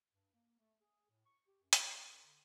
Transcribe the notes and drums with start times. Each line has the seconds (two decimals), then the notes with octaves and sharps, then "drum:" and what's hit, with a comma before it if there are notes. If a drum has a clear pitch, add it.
0.12 G2
0.33 A#3
0.59 A3
0.81 G#4
1.09 A2
1.25 C#6
1.47 G4
1.61 F#2
1.73 drum: hi-hat
1.83 A#3
2.02 F#2
2.24 D3